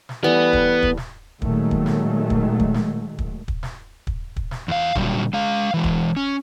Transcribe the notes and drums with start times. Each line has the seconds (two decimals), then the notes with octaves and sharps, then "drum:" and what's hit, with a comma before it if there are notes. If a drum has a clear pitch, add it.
0.09 drum: snare
0.24 E3 G3 A3 B3
0.53 drum: kick
0.83 drum: kick
0.97 drum: snare
1.42 A#2 D#3 F#3 G#3 A3, drum: kick
1.71 drum: kick
1.86 drum: snare
2.30 drum: kick
2.60 drum: kick
2.74 drum: snare
3.18 drum: kick
3.48 drum: kick
3.63 drum: snare
4.07 drum: kick
4.36 drum: kick
4.51 drum: snare
4.68 E2 F5
4.95 A#2 D3 F#3 G3, drum: kick
5.33 G#3 F5
5.74 E3 G#3
5.84 drum: kick
6.17 C#4